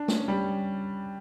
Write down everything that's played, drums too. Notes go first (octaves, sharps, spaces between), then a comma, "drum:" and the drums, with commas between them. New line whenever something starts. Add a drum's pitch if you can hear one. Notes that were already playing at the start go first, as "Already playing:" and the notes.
Already playing: D4
C#4, drum: snare
G3